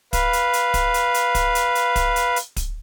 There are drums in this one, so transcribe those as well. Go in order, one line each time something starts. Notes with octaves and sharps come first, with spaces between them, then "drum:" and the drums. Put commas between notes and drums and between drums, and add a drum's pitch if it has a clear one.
B4 F5, drum: kick, hi-hat
drum: hi-hat
drum: hi-hat
drum: kick, hi-hat
drum: hi-hat
drum: hi-hat
drum: kick, hi-hat
drum: hi-hat
drum: hi-hat
drum: kick, hi-hat
drum: hi-hat
drum: hi-hat
drum: kick, hi-hat